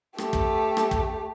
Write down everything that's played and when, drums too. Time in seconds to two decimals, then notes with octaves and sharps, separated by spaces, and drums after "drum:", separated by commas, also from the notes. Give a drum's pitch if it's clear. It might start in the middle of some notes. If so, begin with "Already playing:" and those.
0.18 A3 G4, drum: rim click
0.33 drum: kick
0.77 drum: rim click
0.91 drum: kick